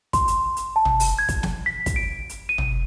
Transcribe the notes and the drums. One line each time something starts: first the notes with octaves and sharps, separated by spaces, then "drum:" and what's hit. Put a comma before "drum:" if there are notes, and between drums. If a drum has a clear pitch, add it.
C6, drum: kick, hi-hat
drum: hi-hat
drum: hi-hat
A5
drum: tom
drum: open hi-hat
G#6
drum: kick, hi-hat
drum: snare
B6
drum: kick, hi-hat
D7
drum: hi-hat
D#7
drum: tom